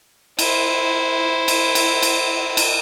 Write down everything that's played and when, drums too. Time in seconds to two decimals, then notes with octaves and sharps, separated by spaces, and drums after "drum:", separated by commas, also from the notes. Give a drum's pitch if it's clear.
0.39 E4 C5, drum: cymbal
1.48 drum: cymbal
1.75 drum: cymbal
2.03 drum: cymbal
2.57 drum: cymbal